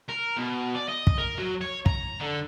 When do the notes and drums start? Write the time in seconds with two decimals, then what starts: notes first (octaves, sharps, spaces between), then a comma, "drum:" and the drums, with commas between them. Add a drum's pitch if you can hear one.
0.09 A#4
0.37 B2
0.75 D5
0.89 D#5
1.07 drum: kick
1.18 A#4
1.38 F#3
1.61 C#5
1.86 A#5, drum: kick
2.20 D3